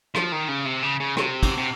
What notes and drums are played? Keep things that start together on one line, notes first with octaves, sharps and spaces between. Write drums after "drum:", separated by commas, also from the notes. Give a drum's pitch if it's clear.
F3, drum: rim click
D#3
C#3
C3
C#3
C#3
C3, drum: rim click
drum: kick, cymbal
C3